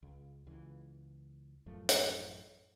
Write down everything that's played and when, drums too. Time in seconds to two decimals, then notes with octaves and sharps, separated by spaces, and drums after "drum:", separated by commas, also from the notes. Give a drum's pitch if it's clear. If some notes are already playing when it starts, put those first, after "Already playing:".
0.03 C#2
0.47 C#2 E3
1.66 A1 F#2 F3 A3
1.89 drum: hi-hat